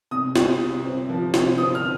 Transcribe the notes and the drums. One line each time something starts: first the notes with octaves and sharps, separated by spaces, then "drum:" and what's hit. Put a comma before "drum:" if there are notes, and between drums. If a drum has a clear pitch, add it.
C3 D#6
C2, drum: snare
C3
C4
F3
C3, drum: snare
C4 D#6
F6